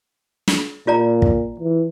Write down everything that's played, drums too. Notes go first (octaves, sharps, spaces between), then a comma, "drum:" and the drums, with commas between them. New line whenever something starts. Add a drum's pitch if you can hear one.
drum: snare
A#2 F4 D5 A#5
drum: kick
E3